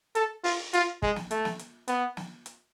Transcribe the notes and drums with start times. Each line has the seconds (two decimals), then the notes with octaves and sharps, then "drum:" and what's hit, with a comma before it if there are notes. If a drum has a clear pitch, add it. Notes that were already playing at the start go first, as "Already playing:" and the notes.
0.15 A4, drum: hi-hat
0.44 F4, drum: open hi-hat
0.73 F4, drum: hi-hat
1.02 G#3, drum: kick
1.16 drum: snare
1.31 A3, drum: hi-hat
1.45 drum: snare
1.59 drum: hi-hat
1.88 B3, drum: hi-hat
2.17 drum: snare
2.46 drum: hi-hat